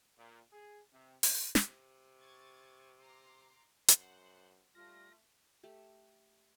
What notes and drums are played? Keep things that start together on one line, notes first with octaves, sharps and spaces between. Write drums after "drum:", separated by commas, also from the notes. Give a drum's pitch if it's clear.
A#2
G#4
C3
drum: open hi-hat
C3, drum: snare
C#6 G#6 A6
A#5 C6 D6
F#2 C5 F#5, drum: hi-hat
G3 A3 F4 C6 F6 A#6
A3 G4